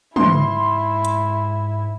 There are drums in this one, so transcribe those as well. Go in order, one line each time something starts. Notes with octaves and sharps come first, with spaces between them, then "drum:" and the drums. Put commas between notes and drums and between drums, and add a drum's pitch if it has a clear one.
G#2 E4 C6, drum: tom
drum: hi-hat